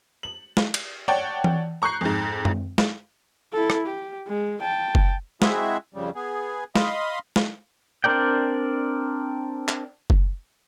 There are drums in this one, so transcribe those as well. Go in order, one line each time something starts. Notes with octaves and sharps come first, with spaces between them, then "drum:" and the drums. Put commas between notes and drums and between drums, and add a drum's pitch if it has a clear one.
F#7
drum: snare
drum: cymbal
C#5 D5 F#5 G5 A5
drum: tom E3
A#5 C#6 F#6 G6 C7
F2 G#2
drum: tom
drum: snare
E4 A4
drum: rim click
G4
G#3
G5 A5
drum: kick F#1
G#3 C4 E4 F#4 G#4 E5, drum: snare
F2 C#3 G3
B3 G#4
D#5 F5 B5 C6 D#6, drum: snare
drum: snare
C4 D4 A#4 D5 G5
drum: clap
drum: kick F#1